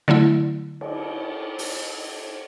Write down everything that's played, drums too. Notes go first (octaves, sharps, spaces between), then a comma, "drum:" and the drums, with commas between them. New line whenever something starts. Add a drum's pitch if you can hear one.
D3 F#3 A3 E4
drum: cymbal
drum: open hi-hat